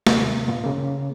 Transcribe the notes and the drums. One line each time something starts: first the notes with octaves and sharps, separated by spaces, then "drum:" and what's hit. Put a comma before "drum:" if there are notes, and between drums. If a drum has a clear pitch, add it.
D#2 C3 A#3, drum: snare
G2 A#2 B3 F4
C#3 A#3